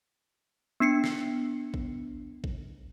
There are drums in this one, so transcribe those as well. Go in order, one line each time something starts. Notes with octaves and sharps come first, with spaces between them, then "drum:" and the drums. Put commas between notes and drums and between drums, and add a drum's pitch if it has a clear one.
B3 D4 C7 C#7
drum: snare
drum: kick A1
drum: kick A1